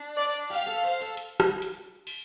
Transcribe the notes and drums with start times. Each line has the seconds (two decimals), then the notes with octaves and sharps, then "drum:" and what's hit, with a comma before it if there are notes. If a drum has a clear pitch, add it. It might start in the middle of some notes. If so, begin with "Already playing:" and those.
Already playing: D4
0.16 D5
0.50 G4 F5
0.67 A4
0.84 C5
1.01 A4
1.17 drum: hi-hat
1.40 drum: rim click
1.62 drum: hi-hat
2.07 drum: open hi-hat